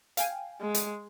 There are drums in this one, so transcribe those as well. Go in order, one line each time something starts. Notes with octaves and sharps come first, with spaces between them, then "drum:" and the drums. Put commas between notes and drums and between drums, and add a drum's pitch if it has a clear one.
F5 G5 G#5, drum: hi-hat
G#3
drum: hi-hat